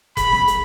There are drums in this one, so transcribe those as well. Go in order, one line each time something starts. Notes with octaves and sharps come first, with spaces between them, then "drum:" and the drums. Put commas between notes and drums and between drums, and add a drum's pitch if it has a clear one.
B5, drum: kick F1, hi-hat
drum: snare
drum: hi-hat